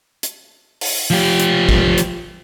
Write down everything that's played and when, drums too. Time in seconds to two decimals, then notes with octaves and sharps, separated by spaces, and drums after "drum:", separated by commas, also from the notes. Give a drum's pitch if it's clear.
0.23 drum: hi-hat
0.81 drum: open hi-hat
1.10 F3 G4
1.40 drum: hi-hat
1.69 drum: kick
1.98 drum: hi-hat